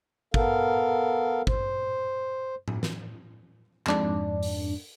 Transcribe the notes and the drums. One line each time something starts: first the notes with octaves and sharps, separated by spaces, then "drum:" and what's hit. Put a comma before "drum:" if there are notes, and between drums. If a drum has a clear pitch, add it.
B3 A4 A#4 F5, drum: kick
C5, drum: kick
drum: tom A2
drum: snare
F2 G#2 D4, drum: clap
drum: open hi-hat